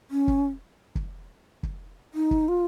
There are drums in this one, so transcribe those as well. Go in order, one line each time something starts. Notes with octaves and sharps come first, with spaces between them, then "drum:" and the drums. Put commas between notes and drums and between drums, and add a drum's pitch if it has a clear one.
C#4
drum: kick
drum: kick
drum: kick
D#4
drum: kick
F4